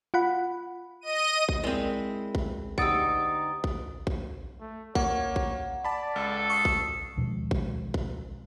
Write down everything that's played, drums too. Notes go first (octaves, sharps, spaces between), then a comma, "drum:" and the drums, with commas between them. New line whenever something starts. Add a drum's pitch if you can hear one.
F4 F#5 B5
D#5 D#7
drum: kick A#1
G#3 C4 E4 A#4 D5
drum: kick A#1
D2 D#4 G4 F#5 D#6 E6 A6 D7, drum: kick A#1
drum: kick A#1
drum: kick A#1
A3
A#3 C#5 F#5, drum: kick A#1
drum: kick A#1
D5 A5 B5
C#2 A4
C#6 D#6 C7
drum: kick A#1
D#2 B2 F3 G#3
drum: kick A#1
drum: kick A#1